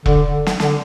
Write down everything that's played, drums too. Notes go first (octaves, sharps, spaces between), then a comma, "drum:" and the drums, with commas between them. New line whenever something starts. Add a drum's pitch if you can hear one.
D3, drum: kick E1
drum: snare
D3, drum: snare